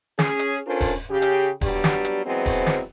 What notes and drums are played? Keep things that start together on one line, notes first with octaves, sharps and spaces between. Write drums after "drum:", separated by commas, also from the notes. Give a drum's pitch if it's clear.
C#4 G#4, drum: snare
drum: hi-hat
C#4 D4 F4 A4 A#4 C5
drum: kick D#1, open hi-hat
C#3 G4
drum: hi-hat
F#3 G3 B3 D4 G4, drum: kick D#1, open hi-hat
drum: snare
drum: hi-hat
E3 F#3 G#3 B3 C4
drum: kick D#1, open hi-hat
drum: snare